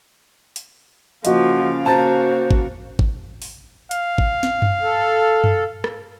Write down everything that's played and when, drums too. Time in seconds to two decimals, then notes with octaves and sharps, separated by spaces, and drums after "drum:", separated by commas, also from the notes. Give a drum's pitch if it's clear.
0.56 drum: hi-hat
1.25 C#3 F3 A#3 F#4 D#5 F5, drum: hi-hat
1.86 A#3 F#4 C5 A5 A#5 A6
2.51 drum: kick G#1
2.99 drum: kick G#1
3.42 drum: open hi-hat
3.91 F5, drum: hi-hat
4.18 drum: kick G#1
4.43 drum: snare
4.62 drum: tom F#2
4.82 A4
5.44 drum: tom F#2
5.84 drum: rim click